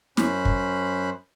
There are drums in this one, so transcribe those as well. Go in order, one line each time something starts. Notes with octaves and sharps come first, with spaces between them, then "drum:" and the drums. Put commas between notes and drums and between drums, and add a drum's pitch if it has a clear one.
F#2 C#4 C5 B5 F#6, drum: snare
drum: kick